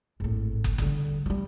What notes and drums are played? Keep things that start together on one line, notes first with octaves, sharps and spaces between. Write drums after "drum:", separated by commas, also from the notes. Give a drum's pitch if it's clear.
G#1 A2
drum: kick
D3 G3, drum: kick
F#3 G3